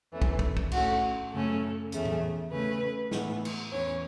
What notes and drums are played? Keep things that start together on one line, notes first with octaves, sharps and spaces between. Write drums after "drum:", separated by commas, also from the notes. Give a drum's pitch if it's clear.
E2 E3 A3 C#4
drum: kick
drum: kick
drum: kick
A2 A3 C#4 F#4, drum: cymbal
F#2 C#3 A3 C#4 A4
E2 C#3 A3 C#4, drum: hi-hat
drum: tom A2
C#3 A3 C#4 B4
A2 E3 B3, drum: snare
drum: cymbal
E2 E3 C#4 C#5